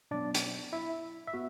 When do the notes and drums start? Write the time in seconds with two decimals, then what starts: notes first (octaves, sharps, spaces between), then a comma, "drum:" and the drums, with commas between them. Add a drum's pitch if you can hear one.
0.11 B2 F#3 B3 D4 D5
0.34 drum: hi-hat
0.73 E4 E5
1.27 E5
1.34 B3 F#4